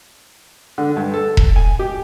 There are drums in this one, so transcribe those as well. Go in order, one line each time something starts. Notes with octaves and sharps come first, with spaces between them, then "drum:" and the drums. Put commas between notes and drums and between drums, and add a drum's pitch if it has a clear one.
D3
G2
A4
drum: kick E1
G#5
G4